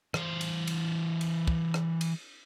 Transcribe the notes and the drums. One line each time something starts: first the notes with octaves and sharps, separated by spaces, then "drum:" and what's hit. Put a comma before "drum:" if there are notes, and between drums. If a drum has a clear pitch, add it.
E3 C5, drum: rim click
drum: cymbal
drum: cymbal
drum: cymbal
drum: kick
drum: rim click
drum: cymbal